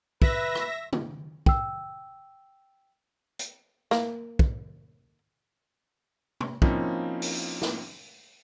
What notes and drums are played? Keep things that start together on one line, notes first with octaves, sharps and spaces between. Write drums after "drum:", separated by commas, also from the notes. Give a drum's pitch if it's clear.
B4 E5 A#6, drum: kick
drum: rim click
drum: tom C#3
G5 E6, drum: kick
drum: hi-hat
A#3, drum: snare
drum: kick
drum: tom
F3 A#3 C4 C#4 D#4 E4, drum: kick
drum: open hi-hat
drum: snare